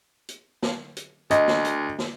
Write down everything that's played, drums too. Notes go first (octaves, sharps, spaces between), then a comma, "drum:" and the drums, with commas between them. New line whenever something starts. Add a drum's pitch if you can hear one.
drum: hi-hat
drum: snare
drum: hi-hat
D2 D#5, drum: hi-hat
drum: snare
drum: hi-hat
drum: snare